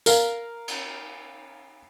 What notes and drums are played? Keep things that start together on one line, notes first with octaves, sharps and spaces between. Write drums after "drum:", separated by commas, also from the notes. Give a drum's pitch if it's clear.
A#4 F5, drum: tambourine
drum: cymbal